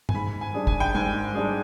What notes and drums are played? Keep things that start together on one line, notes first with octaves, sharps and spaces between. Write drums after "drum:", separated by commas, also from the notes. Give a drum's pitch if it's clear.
G#5, drum: tom G2
G#2 B5
G#5
G3 D4 G#4
G#5, drum: kick
G5
G#2 G#5
G3 D4 G#4